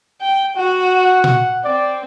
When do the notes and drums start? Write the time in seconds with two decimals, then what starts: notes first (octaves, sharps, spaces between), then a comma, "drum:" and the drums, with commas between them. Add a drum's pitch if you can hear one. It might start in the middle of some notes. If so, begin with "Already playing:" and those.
0.21 G5
0.57 F#4 F#5
1.24 drum: tom A#2
1.64 C4 D5